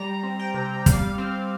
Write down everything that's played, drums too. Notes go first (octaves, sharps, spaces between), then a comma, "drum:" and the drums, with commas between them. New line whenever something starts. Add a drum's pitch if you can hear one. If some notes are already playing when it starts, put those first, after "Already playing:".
Already playing: G3 A#5
C4
G5
C3
G3 F5, drum: kick, hi-hat
C4